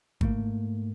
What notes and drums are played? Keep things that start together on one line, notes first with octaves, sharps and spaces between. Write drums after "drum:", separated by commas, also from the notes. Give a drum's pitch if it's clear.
G#2 A3 A#3, drum: kick G#1